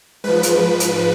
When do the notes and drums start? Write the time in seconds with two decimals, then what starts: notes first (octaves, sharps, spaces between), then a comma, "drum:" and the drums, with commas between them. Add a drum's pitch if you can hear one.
0.24 G#2 F3 B4
0.43 drum: hi-hat
0.80 drum: hi-hat